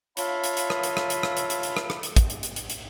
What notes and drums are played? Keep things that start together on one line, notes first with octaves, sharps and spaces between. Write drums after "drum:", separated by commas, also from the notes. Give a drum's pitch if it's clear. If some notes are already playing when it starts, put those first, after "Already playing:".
F4 C#5 E5 F5 A5 B5, drum: hi-hat
drum: hi-hat
drum: hi-hat
drum: rim click
drum: hi-hat
drum: rim click
drum: hi-hat
drum: rim click
drum: hi-hat
drum: hi-hat
drum: hi-hat
drum: rim click
drum: rim click
drum: hi-hat
drum: kick, hi-hat
drum: hi-hat
drum: hi-hat
drum: hi-hat
drum: hi-hat